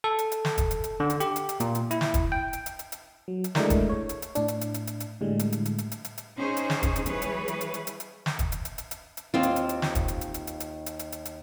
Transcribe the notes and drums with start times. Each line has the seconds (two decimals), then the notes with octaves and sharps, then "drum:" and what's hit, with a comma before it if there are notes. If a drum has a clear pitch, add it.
0.04 A4
0.19 drum: hi-hat
0.32 drum: hi-hat
0.45 drum: snare
0.58 drum: kick, hi-hat
0.71 drum: hi-hat
0.84 drum: hi-hat
1.00 D3
1.10 drum: hi-hat
1.20 G4, drum: hi-hat
1.36 drum: hi-hat
1.49 drum: hi-hat
1.60 A#2, drum: hi-hat
1.75 drum: hi-hat
1.91 E4, drum: hi-hat
2.01 drum: snare
2.14 drum: kick, hi-hat
2.32 G5
2.53 drum: hi-hat
2.66 drum: hi-hat
2.79 drum: hi-hat
2.92 drum: hi-hat
3.28 F#3
3.44 drum: hi-hat
3.55 G#3 A3 D4 E4 A#4, drum: snare
3.70 drum: kick, hi-hat
3.90 C#5
4.09 drum: hi-hat
4.22 drum: hi-hat
4.35 A2 D4, drum: hi-hat
4.48 drum: hi-hat
4.61 drum: hi-hat
4.74 drum: hi-hat
4.87 drum: hi-hat
5.00 drum: hi-hat
5.21 A2 D3 G3 G#3
5.39 drum: hi-hat
5.52 drum: hi-hat
5.65 drum: hi-hat
5.78 drum: hi-hat
5.92 drum: hi-hat
6.05 drum: hi-hat
6.18 drum: hi-hat
6.37 C#4 D#4 G#4 C5 C#5
6.57 drum: hi-hat
6.70 drum: snare
6.83 drum: kick, hi-hat
6.96 drum: hi-hat
7.06 E3 G3 G#4 B4 C#5, drum: hi-hat
7.22 drum: hi-hat
7.48 drum: hi-hat
7.61 drum: hi-hat
7.74 drum: hi-hat
7.87 drum: hi-hat
8.00 drum: hi-hat
8.26 drum: snare
8.39 drum: kick, hi-hat
8.52 drum: hi-hat
8.65 drum: hi-hat
8.78 drum: hi-hat
8.91 drum: hi-hat
9.17 drum: hi-hat
9.34 D#2 C4 F4
9.43 drum: hi-hat
9.56 drum: hi-hat
9.69 drum: hi-hat
9.82 drum: snare
9.95 drum: kick, hi-hat
10.08 drum: hi-hat
10.21 drum: hi-hat
10.34 drum: hi-hat
10.47 drum: hi-hat
10.60 drum: hi-hat
10.86 drum: hi-hat
10.99 drum: hi-hat
11.12 drum: hi-hat
11.25 drum: hi-hat